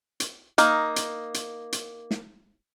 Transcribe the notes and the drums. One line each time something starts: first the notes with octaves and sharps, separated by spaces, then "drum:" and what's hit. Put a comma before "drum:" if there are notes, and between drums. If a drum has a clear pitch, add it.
drum: hi-hat
A#3 D#4, drum: hi-hat
drum: hi-hat
drum: hi-hat
drum: hi-hat
drum: snare